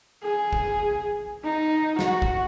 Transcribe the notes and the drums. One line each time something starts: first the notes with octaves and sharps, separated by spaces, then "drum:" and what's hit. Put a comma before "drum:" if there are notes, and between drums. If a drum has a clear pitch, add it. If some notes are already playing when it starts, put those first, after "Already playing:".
G#4
drum: kick
D#4
F#4, drum: snare
drum: kick